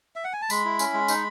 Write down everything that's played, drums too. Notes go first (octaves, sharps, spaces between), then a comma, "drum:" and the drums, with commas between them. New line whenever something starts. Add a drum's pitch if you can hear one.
E5
F#5
G#5
A5
G#3 B5, drum: tambourine
E4
C#4, drum: tambourine
G#3
D#4, drum: tambourine